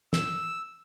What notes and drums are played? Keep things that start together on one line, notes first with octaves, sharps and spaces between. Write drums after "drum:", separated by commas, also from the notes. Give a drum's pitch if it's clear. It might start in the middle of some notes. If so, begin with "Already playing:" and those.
E6, drum: snare